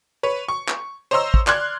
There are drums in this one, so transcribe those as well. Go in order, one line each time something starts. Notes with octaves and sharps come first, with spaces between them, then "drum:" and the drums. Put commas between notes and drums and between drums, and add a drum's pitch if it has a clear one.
B4 C#5
C#6
drum: clap
C5 C#5 D#5 A#5 C6 E6
drum: kick
D5 C6 F6 F#6 G#6, drum: clap